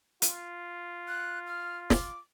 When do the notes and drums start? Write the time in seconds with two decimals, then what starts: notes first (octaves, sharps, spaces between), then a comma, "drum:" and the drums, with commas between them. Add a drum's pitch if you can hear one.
0.22 F4, drum: hi-hat
1.08 F#6
1.47 F6
1.90 D6, drum: snare